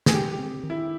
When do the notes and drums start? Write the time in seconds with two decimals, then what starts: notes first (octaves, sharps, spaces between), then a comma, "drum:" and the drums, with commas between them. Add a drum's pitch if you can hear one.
0.06 G#4, drum: snare
0.14 G#3 G4
0.32 G4
0.39 C4
0.63 D#3
0.70 E4